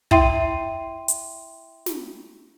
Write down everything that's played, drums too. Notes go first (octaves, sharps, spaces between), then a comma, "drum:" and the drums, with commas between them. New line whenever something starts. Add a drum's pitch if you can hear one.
E4 E5 G5 C6 D#7, drum: kick
drum: hi-hat
drum: snare